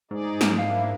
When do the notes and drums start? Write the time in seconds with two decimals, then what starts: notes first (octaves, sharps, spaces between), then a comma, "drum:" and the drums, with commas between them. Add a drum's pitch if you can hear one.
0.11 G#2 D#4 G#4 D5
0.41 drum: snare
0.58 A#3 D4 E4 F5